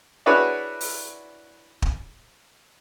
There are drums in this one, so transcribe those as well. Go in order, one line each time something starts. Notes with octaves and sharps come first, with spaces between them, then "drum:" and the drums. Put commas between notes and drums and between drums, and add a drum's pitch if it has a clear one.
D4 E4 F#4 G#4 B4 C#5
drum: open hi-hat
drum: kick